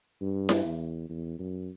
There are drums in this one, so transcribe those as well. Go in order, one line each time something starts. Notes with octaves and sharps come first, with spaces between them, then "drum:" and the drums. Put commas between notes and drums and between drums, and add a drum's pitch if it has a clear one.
G2
drum: snare E4
E2
E2
F#2